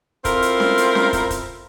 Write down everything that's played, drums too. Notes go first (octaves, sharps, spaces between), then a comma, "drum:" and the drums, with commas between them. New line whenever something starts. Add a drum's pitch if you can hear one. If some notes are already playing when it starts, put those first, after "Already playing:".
C4 E4 F4 A4 A#4, drum: kick, hi-hat
drum: hi-hat
drum: snare C#4
drum: hi-hat
drum: snare C#4
drum: kick, hi-hat
drum: kick, hi-hat